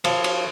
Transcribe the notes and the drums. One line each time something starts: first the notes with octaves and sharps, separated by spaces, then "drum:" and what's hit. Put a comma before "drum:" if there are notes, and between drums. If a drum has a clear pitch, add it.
F3, drum: cymbal
drum: cymbal